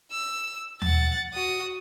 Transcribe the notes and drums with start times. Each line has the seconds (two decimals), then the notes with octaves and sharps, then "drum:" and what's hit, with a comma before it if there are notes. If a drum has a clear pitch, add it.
0.11 E6
0.82 F#5 A6, drum: tom D#2
1.33 F#4 D#6